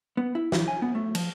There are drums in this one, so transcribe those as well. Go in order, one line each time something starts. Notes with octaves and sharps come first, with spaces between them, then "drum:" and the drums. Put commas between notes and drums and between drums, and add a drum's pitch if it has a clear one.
B3
E4
E3, drum: snare
G#5
B3
A3
F3, drum: cymbal